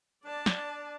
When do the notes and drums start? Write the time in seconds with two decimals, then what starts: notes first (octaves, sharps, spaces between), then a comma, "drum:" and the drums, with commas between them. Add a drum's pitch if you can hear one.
0.24 D4 D5 A5
0.46 drum: snare